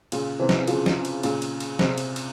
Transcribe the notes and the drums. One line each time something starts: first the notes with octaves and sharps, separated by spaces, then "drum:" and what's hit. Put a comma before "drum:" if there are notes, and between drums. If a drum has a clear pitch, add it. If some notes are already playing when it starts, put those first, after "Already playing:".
A#2 C#3, drum: cymbal
C3 E3
drum: snare
C#3 F3, drum: cymbal
drum: snare
drum: cymbal
A#2 C#3, drum: cymbal
drum: cymbal
drum: cymbal
C3, drum: snare
drum: cymbal
drum: cymbal